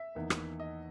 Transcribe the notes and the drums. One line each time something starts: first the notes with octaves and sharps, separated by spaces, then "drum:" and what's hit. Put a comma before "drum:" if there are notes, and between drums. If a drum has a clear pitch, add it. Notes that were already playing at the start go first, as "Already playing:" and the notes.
Already playing: E5
E2 D#3 A#3
drum: rim click
D#5